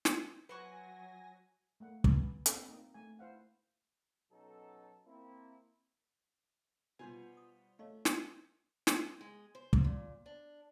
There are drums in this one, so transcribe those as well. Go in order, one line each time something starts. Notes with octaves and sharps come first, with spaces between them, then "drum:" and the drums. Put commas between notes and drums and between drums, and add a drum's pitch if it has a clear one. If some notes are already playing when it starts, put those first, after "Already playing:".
drum: snare
F#3 B4 C5 F#5 G#5 C#6 A#6
A3 A#3 F#5
B4 G#5, drum: kick
C4 D#5, drum: hi-hat
A#3 D#4 D#5
A3 G#5
E4 C5 F5 F#5
B2 F#3 C#4 D#4 A4
A#3 C4 E4
B2 G3 B3 F4 C5 G#5
D#6
A3 C#5 D#5 F5
drum: snare
drum: snare
G#3
C5
drum: kick
A#2
D4